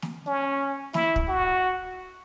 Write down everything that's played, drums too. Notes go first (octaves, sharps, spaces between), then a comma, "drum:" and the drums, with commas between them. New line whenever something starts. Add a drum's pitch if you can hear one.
drum: snare
C#4
E4, drum: snare
drum: kick
F#4